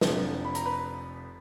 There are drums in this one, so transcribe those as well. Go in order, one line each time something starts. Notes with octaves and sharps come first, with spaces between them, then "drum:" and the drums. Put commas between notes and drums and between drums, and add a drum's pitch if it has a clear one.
F1 F2 D3 F3, drum: snare
B5
A#5, drum: hi-hat
B4 B5